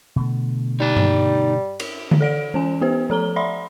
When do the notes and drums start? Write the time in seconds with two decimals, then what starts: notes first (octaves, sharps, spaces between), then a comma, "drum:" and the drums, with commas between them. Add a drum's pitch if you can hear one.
0.16 B2 D3 A3
0.80 G3 D#4 D5
0.97 drum: tom G2
1.80 drum: cymbal
2.11 drum: tom D3
2.21 A4 D5 D7
2.54 E3 C#4 G#5
2.81 B3 G4 C5
3.10 F3 A4 A#5 G7
3.36 D5 E5 B5 C6